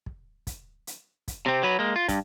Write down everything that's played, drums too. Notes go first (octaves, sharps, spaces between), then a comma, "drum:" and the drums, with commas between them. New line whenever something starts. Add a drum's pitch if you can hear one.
drum: kick
drum: kick, hi-hat
drum: hi-hat
drum: kick, hi-hat
C3 C4
F#3 B4
G#3 A#3
F4
G2, drum: kick, hi-hat